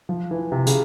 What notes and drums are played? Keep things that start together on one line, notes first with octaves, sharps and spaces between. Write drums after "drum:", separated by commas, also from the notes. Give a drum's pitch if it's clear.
F3
E3
C3
C#3, drum: hi-hat